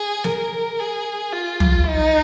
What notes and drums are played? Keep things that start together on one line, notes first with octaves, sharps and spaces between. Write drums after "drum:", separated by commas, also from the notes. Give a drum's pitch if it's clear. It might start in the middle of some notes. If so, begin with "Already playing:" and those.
Already playing: G#4
A#4, drum: snare
G#4
F4
drum: tom
D#4